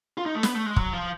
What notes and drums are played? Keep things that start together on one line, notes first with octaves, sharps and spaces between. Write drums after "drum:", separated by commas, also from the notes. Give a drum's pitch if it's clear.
F4
D#4
A3
B3, drum: snare
A3
G#3
F#3, drum: kick
F3